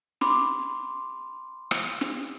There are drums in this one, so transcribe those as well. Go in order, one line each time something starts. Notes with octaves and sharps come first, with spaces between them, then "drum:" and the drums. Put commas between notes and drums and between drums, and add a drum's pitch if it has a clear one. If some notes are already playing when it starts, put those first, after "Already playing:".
B5 C6 D6, drum: snare
drum: rim click
drum: snare